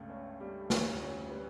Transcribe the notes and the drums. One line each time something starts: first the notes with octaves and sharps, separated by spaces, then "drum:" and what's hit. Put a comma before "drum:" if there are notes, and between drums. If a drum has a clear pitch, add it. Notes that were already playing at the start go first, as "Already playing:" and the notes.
Already playing: C#2 G2 A3
C#4
G3
D2 C#5, drum: snare
C#4 C#5
G3 B4